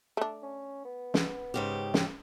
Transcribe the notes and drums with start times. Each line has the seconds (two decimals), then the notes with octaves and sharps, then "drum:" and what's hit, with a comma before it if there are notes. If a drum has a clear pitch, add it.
0.17 A3 D4
0.43 C#4
0.85 B3
1.14 drum: snare
1.54 G#2 C#3 G4
1.94 drum: snare